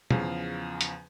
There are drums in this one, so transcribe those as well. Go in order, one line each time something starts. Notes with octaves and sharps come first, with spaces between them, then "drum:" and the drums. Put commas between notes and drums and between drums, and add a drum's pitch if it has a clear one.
E2 C#3 F3 F5, drum: tom
drum: hi-hat